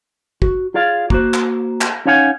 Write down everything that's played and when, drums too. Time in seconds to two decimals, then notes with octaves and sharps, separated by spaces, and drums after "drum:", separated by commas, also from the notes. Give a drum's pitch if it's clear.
0.42 F#4, drum: kick
0.74 F4 G#4 D5 F5
1.10 A#3 F#4 C5, drum: kick
1.34 drum: clap
1.81 drum: clap
2.05 C#4 D#4 C#5 F5 F#5 G#5